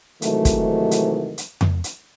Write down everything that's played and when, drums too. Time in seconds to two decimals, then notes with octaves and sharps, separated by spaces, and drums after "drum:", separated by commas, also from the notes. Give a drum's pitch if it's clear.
0.22 G#2 C3 D#3 E3 F#3 A3, drum: hi-hat
0.45 drum: kick, hi-hat
0.91 drum: hi-hat
1.38 drum: hi-hat
1.61 drum: tom F2
1.84 drum: hi-hat